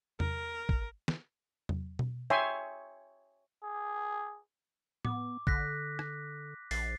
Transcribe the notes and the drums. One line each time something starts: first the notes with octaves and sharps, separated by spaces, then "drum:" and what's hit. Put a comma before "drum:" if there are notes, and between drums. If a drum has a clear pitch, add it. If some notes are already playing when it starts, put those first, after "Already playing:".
A#4, drum: tom E2
drum: kick
drum: snare
drum: tom E2
drum: tom B2
C#5 E5 G5 G#5 C6, drum: rim click
G#4
B3 D6, drum: tom A2
D3 F#6 A#6 B6, drum: kick
drum: rim click
A#1 A6 C7, drum: open hi-hat